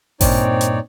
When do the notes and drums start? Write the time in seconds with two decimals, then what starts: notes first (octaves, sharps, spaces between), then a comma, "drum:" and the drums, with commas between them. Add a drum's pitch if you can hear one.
0.21 G2 A#2 C4 D#4 C#5 D5, drum: kick A1, open hi-hat
0.61 drum: hi-hat